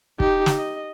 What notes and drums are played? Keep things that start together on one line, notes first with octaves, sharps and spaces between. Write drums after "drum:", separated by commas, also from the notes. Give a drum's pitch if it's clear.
D#4 G4, drum: kick
drum: snare
D#5